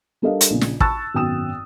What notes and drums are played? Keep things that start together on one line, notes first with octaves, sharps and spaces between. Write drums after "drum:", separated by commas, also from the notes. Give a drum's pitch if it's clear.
G3 D4 A4 A#4 D#5 F5
drum: hi-hat
A#1 C#3
drum: snare
A5 B5 C#6 E6 F#6 A6, drum: kick
G#1 F#2 B2 G5 D#6 E7